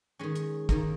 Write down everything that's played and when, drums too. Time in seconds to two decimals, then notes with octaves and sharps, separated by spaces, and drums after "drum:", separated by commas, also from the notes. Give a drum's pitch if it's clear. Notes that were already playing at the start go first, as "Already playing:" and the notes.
0.19 D#3 G#3 C#4
0.35 drum: hi-hat
0.69 D#3 A#3 D#4 A#4, drum: kick, hi-hat